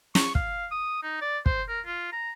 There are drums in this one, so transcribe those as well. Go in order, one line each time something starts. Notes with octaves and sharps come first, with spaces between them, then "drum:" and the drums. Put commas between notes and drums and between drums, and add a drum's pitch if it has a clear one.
C#6, drum: snare
F5, drum: kick
D#6
D#4
D5
C5, drum: kick
A#4
F4
A#5